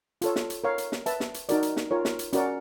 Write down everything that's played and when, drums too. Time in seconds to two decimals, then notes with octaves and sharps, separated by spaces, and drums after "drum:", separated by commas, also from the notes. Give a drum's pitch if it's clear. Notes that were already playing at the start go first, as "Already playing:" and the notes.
0.22 F4 A4 C#5, drum: hi-hat
0.36 drum: snare
0.50 drum: hi-hat
0.64 A#4 C#5 F5
0.78 drum: hi-hat
0.92 drum: snare
1.06 B4 E5 A5, drum: hi-hat
1.20 drum: snare
1.34 drum: hi-hat
1.49 D#4 F#4 A#4 D5, drum: hi-hat
1.63 drum: hi-hat
1.77 drum: snare
1.91 F4 A#4 C#5
2.05 drum: snare
2.19 drum: hi-hat
2.33 C#4 F#4 A#4 D5 F#5, drum: hi-hat